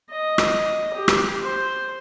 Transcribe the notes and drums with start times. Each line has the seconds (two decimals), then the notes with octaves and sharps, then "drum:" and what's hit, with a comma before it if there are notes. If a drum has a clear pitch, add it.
0.11 D#5
0.38 drum: rim click
0.94 G4
1.08 drum: rim click
1.43 C5